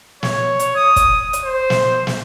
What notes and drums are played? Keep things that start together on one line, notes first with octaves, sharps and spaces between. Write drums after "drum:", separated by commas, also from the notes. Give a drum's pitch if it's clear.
C#5, drum: snare
drum: hi-hat
D#6
drum: kick, hi-hat
drum: hi-hat
C5
drum: snare
drum: snare